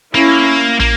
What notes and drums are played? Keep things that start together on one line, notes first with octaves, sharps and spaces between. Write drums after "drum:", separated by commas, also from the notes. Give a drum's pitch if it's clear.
A#3 C#4 E4
A#3, drum: kick